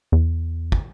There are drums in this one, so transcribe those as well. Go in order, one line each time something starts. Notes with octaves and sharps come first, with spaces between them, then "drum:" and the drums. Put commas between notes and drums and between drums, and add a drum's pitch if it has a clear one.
E2
drum: kick